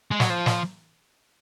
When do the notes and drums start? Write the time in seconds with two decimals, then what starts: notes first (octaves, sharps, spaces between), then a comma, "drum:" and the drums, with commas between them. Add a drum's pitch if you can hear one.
0.11 G#3
0.20 F#3, drum: snare
0.30 F3
0.46 drum: snare